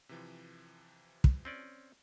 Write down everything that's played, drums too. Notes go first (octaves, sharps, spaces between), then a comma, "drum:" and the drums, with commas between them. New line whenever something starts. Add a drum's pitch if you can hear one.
C3 E3 F3
drum: kick
C4 C#4 D5